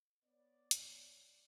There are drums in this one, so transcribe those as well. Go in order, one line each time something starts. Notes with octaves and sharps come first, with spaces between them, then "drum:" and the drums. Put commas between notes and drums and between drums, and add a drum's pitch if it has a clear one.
B3 C#5 D5
drum: hi-hat